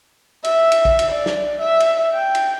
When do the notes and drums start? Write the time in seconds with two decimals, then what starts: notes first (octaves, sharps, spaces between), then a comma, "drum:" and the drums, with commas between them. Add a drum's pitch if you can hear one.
0.44 E5, drum: cymbal
0.72 drum: cymbal
0.85 drum: kick
0.99 drum: cymbal
1.10 D5
1.26 drum: snare
1.61 E5
1.80 drum: cymbal
2.13 G5
2.35 drum: cymbal